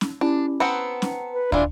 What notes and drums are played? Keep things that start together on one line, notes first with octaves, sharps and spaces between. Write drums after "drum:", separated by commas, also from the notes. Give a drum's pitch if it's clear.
drum: snare
C#4 D4 E4 G4
B3 C4 F#5 A5 A#5 C#7
drum: snare
B4
E3 D4 F4, drum: kick